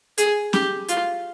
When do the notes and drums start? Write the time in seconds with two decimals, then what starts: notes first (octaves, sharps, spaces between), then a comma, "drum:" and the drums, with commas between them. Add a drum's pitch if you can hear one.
0.18 G#4, drum: hi-hat
0.53 G4, drum: snare
0.88 F4, drum: hi-hat